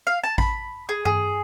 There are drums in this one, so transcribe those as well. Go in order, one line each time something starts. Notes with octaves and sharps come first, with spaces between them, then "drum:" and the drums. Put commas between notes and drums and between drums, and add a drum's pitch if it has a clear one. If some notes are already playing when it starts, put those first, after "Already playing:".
F5
A5
B5, drum: kick A1
G#4
G#4, drum: tom G2